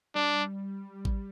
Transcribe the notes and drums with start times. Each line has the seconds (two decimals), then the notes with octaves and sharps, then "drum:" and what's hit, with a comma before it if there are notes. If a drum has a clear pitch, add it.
0.15 G3 D4
1.05 drum: kick G#1